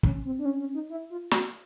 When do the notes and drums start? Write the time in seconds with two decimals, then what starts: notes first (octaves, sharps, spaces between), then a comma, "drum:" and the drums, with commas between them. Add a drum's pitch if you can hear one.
0.03 C#4, drum: kick
0.25 C4
0.39 D4
0.45 C#4
0.60 C#4
0.74 D#4
0.90 E4
1.10 F4
1.31 F#4, drum: snare